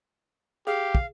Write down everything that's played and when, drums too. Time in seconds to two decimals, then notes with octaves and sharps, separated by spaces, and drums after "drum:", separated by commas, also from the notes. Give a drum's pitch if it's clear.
0.67 G4 G#4 F5
0.95 drum: kick